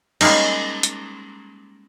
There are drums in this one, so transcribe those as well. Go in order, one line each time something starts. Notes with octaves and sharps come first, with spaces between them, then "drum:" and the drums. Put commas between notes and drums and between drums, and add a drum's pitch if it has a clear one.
G3 G#3 A#3 C#4 D#4, drum: cymbal
drum: hi-hat